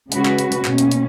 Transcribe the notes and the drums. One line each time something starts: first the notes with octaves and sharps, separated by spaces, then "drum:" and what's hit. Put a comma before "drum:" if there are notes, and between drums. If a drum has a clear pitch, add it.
C#3 G#3 C#4 F#4 B4, drum: hi-hat
drum: clap
drum: hi-hat
drum: hi-hat
B2 A#3 C#4, drum: clap
drum: hi-hat
drum: hi-hat